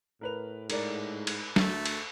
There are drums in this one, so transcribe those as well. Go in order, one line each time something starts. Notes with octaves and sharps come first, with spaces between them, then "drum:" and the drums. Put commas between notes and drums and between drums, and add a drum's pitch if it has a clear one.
A2 A#4 B4 F7
G#2 A#4 D5, drum: cymbal
drum: cymbal
D2 A3, drum: snare
drum: cymbal